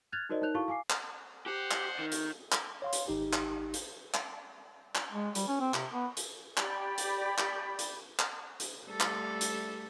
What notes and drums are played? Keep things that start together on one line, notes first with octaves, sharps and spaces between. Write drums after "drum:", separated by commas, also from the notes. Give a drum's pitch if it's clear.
F6 F#6 G#6 A6 F7
D#4 F#4 A#4 C5 D5 D#5
D#4 A#4 C#5 F#6 G6 F7
E4 F#4 A4 F5 A5 C#6
F5 G#5 D6 C7
drum: clap
G4 C5 F#5
drum: clap
D#3
drum: hi-hat
drum: clap
C#5 F5 C6
drum: hi-hat
G#1 D#4 G4
drum: clap
drum: hi-hat
drum: clap
drum: clap
G#3
G3, drum: hi-hat
C#4
C4
C3, drum: clap
B3
drum: hi-hat
G4 D5 B5, drum: clap
drum: hi-hat
drum: clap
drum: hi-hat
drum: clap
drum: hi-hat
G3 A3 A4
drum: clap
drum: hi-hat